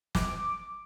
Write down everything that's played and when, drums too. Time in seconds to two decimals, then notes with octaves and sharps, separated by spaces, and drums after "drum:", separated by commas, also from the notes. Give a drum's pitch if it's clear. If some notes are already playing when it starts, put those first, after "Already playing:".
0.15 D6, drum: snare